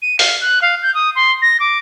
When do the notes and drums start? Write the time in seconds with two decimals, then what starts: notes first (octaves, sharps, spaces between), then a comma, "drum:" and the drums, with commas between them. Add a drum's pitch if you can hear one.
0.02 D#7
0.19 F5, drum: open hi-hat
0.41 F#6
0.62 F5
0.82 G6
0.94 D#6
1.16 C6
1.42 A#6
1.60 D6